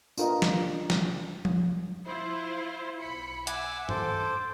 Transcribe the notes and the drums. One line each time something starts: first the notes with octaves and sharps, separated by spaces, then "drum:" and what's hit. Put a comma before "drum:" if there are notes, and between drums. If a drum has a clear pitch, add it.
D4 F4 A#4 B4 D#5, drum: tambourine
drum: snare
drum: snare
drum: tom F3
E4 F4 C5
B1 B5 C#7
E5 F#5 G#5 D6 E6, drum: hi-hat
A4 C5 D6, drum: tom G2